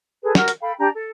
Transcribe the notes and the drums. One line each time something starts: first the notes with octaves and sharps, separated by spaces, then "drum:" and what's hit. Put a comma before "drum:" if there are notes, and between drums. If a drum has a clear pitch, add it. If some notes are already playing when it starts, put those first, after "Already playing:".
G#4 A4 B4
F#4 A#4 F6, drum: snare
drum: hi-hat
A4 F5 G5 B5
D4 G4 A#5
A4